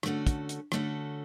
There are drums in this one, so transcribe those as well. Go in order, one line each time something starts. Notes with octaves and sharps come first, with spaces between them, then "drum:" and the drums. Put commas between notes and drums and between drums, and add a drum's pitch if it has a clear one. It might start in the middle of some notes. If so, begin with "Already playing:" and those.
D3 A3 C#4 F#4 A4, drum: rim click
drum: kick, hi-hat
drum: hi-hat
D3 A3 C#4 F#4 A4, drum: rim click